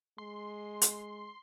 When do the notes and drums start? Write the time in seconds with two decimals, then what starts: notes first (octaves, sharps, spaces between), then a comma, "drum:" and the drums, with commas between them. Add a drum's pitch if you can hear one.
0.18 G#3 C6
0.82 drum: hi-hat